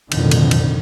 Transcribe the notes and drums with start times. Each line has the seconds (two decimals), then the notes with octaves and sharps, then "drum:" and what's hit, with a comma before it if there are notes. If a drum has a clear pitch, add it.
0.12 B1 F2 A2 D3 D#3, drum: cymbal
0.31 drum: cymbal
0.51 drum: cymbal